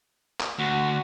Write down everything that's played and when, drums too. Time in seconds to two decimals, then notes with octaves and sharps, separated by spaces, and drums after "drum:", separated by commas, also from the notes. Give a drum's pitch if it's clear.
0.40 drum: clap
0.59 D2 F#4